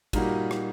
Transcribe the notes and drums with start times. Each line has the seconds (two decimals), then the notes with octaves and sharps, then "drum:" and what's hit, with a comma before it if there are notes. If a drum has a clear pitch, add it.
0.13 A#2 G3 A#3 D#4 F#4, drum: kick, cymbal
0.51 drum: rim click